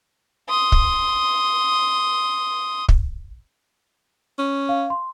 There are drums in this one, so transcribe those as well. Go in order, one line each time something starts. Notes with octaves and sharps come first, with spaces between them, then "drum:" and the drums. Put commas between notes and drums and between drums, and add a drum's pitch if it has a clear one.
C6 D#6
drum: kick
drum: kick
C#4
F5
C6